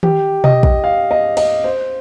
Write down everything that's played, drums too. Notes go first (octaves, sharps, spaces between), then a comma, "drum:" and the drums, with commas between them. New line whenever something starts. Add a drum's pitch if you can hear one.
G4, drum: tom D#3
D#5, drum: tom B2
drum: kick A#1
F5
D#5
D#5, drum: cymbal
C5